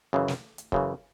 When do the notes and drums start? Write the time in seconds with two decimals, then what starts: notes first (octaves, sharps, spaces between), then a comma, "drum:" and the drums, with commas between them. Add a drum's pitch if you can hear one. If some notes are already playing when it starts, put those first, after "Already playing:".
0.13 F#2 C#3 E3
0.28 drum: snare
0.58 drum: hi-hat
0.72 F#2 C#3 E3, drum: kick